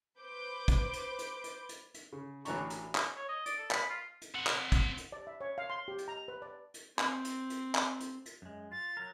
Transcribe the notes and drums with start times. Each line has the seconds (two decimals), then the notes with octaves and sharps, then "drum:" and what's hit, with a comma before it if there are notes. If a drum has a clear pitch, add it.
0.20 B4 C5 D6 G6
0.68 drum: kick, hi-hat
0.93 drum: hi-hat
1.19 drum: hi-hat
1.44 drum: hi-hat
1.69 drum: hi-hat
1.94 drum: hi-hat
2.13 C#3
2.45 A1 E3 F#3 D4 A#5 C#6, drum: hi-hat
2.70 drum: hi-hat
2.95 drum: clap
3.16 C#5
3.28 D#5
3.46 D5, drum: hi-hat
3.58 A4
3.71 B5, drum: clap
3.90 F4
4.22 drum: hi-hat
4.34 C4 F#5
4.47 drum: clap
4.72 drum: kick, hi-hat
4.97 drum: hi-hat
5.12 D5
5.27 E5
5.41 C#5
5.58 F5
5.70 C6
5.88 G4
5.98 drum: hi-hat
6.08 A#5
6.28 B4
6.42 D5
6.74 drum: hi-hat
6.99 C4, drum: clap
7.25 drum: hi-hat
7.50 drum: hi-hat
7.75 drum: clap
8.00 drum: hi-hat
8.26 drum: hi-hat
8.42 F#2 G#3
8.72 F4 A6
8.97 F#3 A#4